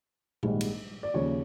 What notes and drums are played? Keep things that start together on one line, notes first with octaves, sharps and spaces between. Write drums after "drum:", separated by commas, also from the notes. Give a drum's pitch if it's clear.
A#1 G#2 D#3 G3, drum: tom A#2
drum: cymbal
D5
D#2 C#3 F3 C#5